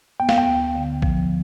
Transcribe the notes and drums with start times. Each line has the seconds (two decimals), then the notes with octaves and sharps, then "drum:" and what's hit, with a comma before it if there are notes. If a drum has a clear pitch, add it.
0.20 B3 G5
0.29 F5, drum: snare
0.38 G5
0.47 D2
0.75 D3
1.02 F3, drum: kick